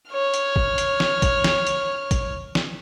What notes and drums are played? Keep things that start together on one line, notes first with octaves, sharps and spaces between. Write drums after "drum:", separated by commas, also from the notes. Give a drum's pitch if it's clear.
C#5 F6
drum: hi-hat
drum: kick
drum: hi-hat
drum: snare
drum: kick, hi-hat
drum: snare
drum: hi-hat
drum: kick, hi-hat
drum: snare